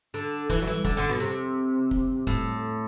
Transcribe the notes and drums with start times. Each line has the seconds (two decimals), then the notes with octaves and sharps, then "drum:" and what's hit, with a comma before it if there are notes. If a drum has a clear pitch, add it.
0.14 D3
0.50 E3, drum: kick F#1
0.62 F#3
0.67 E3
0.85 D3, drum: kick F#1
0.97 D3
1.09 B2
1.20 C3
1.91 drum: kick F#1
2.27 A2, drum: kick F#1